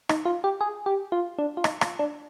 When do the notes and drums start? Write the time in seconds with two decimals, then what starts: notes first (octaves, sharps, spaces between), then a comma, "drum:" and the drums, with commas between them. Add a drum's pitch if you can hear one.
0.09 D#4, drum: rim click
0.25 F4
0.44 G4
0.61 G#4
0.86 G4
1.12 F4
1.38 D4
1.57 F4
1.64 D#4, drum: rim click
1.81 F4, drum: rim click
1.99 D4